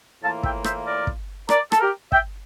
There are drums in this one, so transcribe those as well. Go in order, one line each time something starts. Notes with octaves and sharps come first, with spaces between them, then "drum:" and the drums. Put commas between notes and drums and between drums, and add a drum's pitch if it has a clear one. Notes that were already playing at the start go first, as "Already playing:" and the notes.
A2 E3 A#3 F4 F5 A5
E5 G5, drum: kick
C5 E5, drum: rim click
A#4 D5
drum: kick
A#4 D5, drum: rim click
A4, drum: rim click
G4 A#4
E5 G5, drum: kick